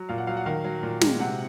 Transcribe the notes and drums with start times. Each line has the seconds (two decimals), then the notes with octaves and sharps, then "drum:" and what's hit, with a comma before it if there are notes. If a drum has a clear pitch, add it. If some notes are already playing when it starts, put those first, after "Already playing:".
Already playing: F#3
0.09 A#2 F5
0.18 F#5
0.27 F#3 F5
0.37 F#5
0.46 D#3 F5
0.64 F#3
0.83 A#2
1.01 G#3, drum: snare
1.20 C3 F#5